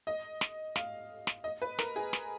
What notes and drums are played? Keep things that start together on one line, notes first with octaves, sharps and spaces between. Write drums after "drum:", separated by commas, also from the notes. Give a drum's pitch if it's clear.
D#5
drum: snare
F5, drum: snare
drum: snare
D#5
B4
A#4, drum: snare
G#4
drum: snare